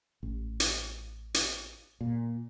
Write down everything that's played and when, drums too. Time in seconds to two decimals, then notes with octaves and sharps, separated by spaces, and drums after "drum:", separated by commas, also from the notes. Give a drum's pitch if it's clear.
0.23 A1
0.60 drum: hi-hat
1.34 drum: hi-hat
2.01 A#2